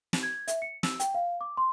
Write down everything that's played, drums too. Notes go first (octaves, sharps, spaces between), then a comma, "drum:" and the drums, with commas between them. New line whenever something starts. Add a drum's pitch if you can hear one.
drum: snare
G#6
E5, drum: hi-hat
C#7
E6, drum: snare
G5, drum: hi-hat
F5
D6
C6